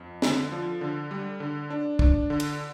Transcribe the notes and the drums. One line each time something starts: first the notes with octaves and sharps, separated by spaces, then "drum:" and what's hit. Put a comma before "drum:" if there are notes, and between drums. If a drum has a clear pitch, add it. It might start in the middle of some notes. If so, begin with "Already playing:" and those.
Already playing: F2
D3, drum: snare
F3
D3
G3
D3
D4
D4, drum: kick
D3
drum: cymbal